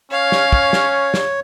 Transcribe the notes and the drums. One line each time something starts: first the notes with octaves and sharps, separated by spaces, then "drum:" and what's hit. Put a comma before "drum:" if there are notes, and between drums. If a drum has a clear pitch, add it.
C#4 C#5 F5
drum: snare
drum: kick
drum: snare
drum: snare